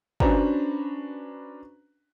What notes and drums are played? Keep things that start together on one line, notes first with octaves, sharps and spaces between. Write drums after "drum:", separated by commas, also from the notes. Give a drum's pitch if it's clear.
C#4 D4 F#4 B4 C5 A#5, drum: kick